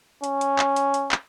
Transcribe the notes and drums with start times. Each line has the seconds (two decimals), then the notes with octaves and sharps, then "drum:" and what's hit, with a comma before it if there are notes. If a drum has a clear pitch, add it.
0.24 C#4, drum: hi-hat
0.41 drum: hi-hat
0.59 drum: clap
0.76 drum: hi-hat
0.94 drum: hi-hat
1.12 drum: clap